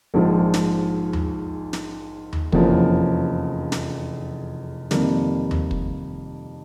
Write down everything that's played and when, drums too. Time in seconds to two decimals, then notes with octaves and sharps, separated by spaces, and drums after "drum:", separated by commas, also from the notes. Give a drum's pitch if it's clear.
0.14 A#1 G#2 F3 G#3
0.54 drum: snare
1.13 drum: tom D#2
1.73 drum: snare
2.33 drum: tom D#2
2.52 F1 E2 C#3 F3 A#3, drum: kick
3.72 drum: snare
4.91 F2 C3 D#3 G3 A#3, drum: snare
5.51 drum: tom D#2
5.71 drum: kick